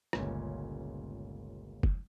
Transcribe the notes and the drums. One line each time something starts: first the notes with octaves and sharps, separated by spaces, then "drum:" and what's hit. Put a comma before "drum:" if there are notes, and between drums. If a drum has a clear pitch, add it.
G1 C#2 A#2 C#4, drum: rim click
drum: kick